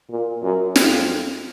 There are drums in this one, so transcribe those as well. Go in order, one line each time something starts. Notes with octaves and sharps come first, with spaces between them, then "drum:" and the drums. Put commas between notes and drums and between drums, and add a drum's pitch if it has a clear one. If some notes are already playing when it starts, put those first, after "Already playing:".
A#2
F#2
F2, drum: snare